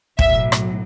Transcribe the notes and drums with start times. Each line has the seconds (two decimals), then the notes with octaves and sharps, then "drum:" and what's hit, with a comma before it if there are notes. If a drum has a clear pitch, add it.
0.19 B1 A2 F#3 E5, drum: kick
0.52 drum: rim click